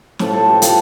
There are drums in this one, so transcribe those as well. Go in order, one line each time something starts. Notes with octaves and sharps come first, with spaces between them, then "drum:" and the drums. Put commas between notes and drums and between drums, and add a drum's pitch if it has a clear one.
A2 F3 A3 A4 C5, drum: snare
A4 C5
G4 B4
F4 A4, drum: hi-hat